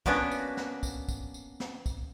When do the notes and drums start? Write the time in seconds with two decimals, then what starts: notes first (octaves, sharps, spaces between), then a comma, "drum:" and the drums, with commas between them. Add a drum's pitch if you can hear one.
0.06 A#3 B3 C#4 D4 F#4, drum: kick
0.31 drum: tambourine
0.57 drum: snare
0.83 drum: kick, tambourine
1.09 drum: kick, tambourine
1.34 drum: tambourine
1.60 drum: snare
1.86 drum: kick, tambourine